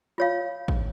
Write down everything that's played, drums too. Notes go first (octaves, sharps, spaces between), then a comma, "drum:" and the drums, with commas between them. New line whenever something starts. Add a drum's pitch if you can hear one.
F4 C#5 F5
drum: kick A1